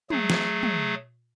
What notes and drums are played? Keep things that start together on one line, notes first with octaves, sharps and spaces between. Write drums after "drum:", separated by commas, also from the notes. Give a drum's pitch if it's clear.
F#3 A3 G#4, drum: tom
drum: snare
drum: tom